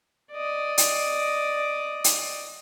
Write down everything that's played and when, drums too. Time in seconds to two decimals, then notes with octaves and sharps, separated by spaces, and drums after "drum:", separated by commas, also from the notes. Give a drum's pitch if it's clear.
0.32 D5 D#5
0.78 drum: hi-hat
2.04 drum: hi-hat